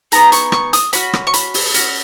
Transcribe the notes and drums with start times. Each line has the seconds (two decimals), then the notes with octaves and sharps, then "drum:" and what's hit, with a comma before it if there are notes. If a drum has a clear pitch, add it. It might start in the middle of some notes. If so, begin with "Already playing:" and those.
0.12 B3 D#4 G#4 A#5, drum: hi-hat
0.32 C#6, drum: hi-hat
0.52 C#6, drum: rim click
0.73 D#6, drum: hi-hat
0.93 C#4 F#4 B5, drum: hi-hat
1.13 drum: rim click
1.27 C#6
1.34 B5, drum: hi-hat
1.54 drum: open hi-hat
1.74 C#4 F#4, drum: hi-hat